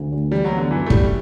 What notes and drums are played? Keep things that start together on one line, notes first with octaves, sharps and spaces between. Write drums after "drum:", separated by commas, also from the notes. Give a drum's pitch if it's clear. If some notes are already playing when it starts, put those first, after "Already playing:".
Already playing: D2 D3 A3
D2
E3 G3
F#3
B3
D3
F#2 E3
A3
G3 E4, drum: kick